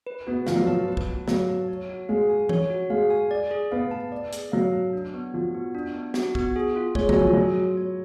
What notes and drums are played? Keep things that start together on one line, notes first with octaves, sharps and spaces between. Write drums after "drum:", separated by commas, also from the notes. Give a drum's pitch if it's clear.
B4
B3 F#4
F3 F5, drum: snare
F#3
F3 A5
B4
drum: kick
F#4
F#3 F5, drum: snare
A5
C#5
F#4
G#3 F5
G#5
C#5, drum: tom E3
F#4
G#3 F5
G#5
D5
G#4
B3 F5
A5
D5
G#4, drum: hi-hat
F#3 F5
A5
D4
B3
F3 F#4
B3
D4
B3
F#4, drum: snare
B3, drum: kick
G#4
F4
G#3 C#5, drum: kick
F#3, drum: kick
F3 G#5
F#3 G#4
F4
C#5